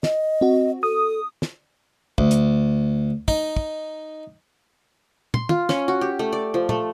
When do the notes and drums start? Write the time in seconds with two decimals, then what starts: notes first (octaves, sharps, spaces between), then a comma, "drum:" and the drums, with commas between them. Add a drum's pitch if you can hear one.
0.03 D#5, drum: snare
0.41 C4 F#4
0.83 A4 D#6
1.42 drum: snare
2.18 D2, drum: kick
2.31 drum: hi-hat
3.28 D#4, drum: kick
3.57 drum: kick
5.34 C6, drum: tom
5.49 F4, drum: tom
5.69 C#4, drum: snare
5.88 F#4
6.01 G4
6.19 A3
6.33 D5
6.54 F3
6.69 A3, drum: tom